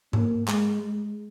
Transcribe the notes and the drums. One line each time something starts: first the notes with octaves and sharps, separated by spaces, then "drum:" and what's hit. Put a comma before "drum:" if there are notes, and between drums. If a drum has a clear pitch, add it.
A#3, drum: tom G#2
G#3, drum: clap
G#3